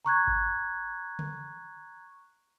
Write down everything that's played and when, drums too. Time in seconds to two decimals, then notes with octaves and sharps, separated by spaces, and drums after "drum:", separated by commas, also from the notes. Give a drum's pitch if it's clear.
0.05 A#5 C#6 F#6 G#6
0.27 drum: kick G1
1.19 drum: tom C#3